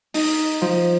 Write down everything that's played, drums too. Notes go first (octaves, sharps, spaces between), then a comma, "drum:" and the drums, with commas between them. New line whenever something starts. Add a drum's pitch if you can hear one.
D#4, drum: open hi-hat
F3